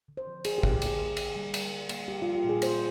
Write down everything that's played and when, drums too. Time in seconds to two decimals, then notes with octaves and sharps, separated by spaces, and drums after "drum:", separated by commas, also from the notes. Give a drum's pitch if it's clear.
0.08 D3
0.17 C5
0.27 F3
0.45 D3 G#4, drum: cymbal
0.58 G4
0.63 D3, drum: kick
0.72 G4
0.82 A#3 G#4, drum: cymbal
0.99 D3
1.17 D3, drum: cymbal
1.36 G3
1.54 D3, drum: cymbal
1.71 G3
1.89 A#3, drum: cymbal
2.08 G3 G4
2.22 G3 F4
2.35 G4
2.44 A#2
2.49 G#4
2.62 A#3 C5, drum: cymbal